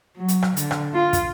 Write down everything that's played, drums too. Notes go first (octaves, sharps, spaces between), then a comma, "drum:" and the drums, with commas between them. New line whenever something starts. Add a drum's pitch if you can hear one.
F#3
drum: hi-hat
drum: rim click
D3, drum: hi-hat
drum: rim click
F4
drum: kick, hi-hat